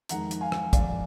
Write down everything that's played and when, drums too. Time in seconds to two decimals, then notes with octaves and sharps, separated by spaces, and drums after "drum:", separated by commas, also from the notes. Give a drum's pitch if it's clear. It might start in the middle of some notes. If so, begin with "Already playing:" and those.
0.09 F2 D#3 G#3 D#4 F#5 A#5, drum: hi-hat
0.31 drum: hi-hat
0.41 F5 G#5
0.52 drum: rim click
0.73 F2 D#3 G#3 D#4 D5 F5, drum: kick, hi-hat